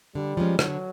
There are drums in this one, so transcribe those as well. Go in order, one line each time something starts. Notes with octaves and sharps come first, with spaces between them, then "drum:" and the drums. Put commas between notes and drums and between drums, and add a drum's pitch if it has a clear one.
D3 G3
F3 G#3 C#4
D3 F#3, drum: rim click